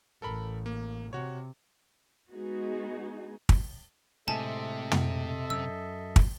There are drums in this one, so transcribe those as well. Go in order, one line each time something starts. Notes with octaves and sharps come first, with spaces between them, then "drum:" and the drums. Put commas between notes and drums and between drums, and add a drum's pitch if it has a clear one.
A1 A4 A#4 B5
A#3
C3 F#4 C#5
G#3 B3 D#4 F#4 G#4
drum: kick
A2 C3 G#3 A4 D#5 E5 G#5 A5
drum: tom
F#2 E6
drum: kick